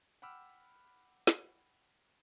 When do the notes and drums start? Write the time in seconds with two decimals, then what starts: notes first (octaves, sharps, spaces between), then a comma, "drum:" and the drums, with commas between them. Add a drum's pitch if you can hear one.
0.22 F#5 G5 B5 D6 E6 F6
1.27 drum: snare